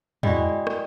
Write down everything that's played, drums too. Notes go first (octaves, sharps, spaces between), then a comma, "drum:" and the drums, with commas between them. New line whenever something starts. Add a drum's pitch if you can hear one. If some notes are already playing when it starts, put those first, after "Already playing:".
G#3 E4 F#4 D5 D#5 G5, drum: tom E2
drum: rim click